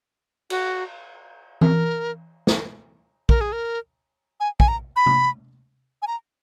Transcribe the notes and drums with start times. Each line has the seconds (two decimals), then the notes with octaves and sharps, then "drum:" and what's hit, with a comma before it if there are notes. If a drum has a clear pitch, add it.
0.50 F#4, drum: cymbal
1.61 A#4, drum: tom E3
2.47 drum: snare
3.29 A#4, drum: kick A#1
3.41 G#4
3.52 A#4
4.40 G#5
4.60 G#5, drum: kick A#1
4.68 A#5
4.96 B5
5.06 drum: tom C3
6.02 G#5
6.07 A#5